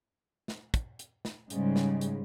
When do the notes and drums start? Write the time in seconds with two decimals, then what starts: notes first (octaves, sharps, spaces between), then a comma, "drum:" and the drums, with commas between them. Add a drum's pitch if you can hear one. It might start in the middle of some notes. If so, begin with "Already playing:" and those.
0.48 drum: snare
0.74 drum: kick, hi-hat
0.99 drum: hi-hat
1.25 drum: snare
1.50 G#2 C#3 G3 G#3, drum: hi-hat
1.76 drum: snare
2.01 drum: hi-hat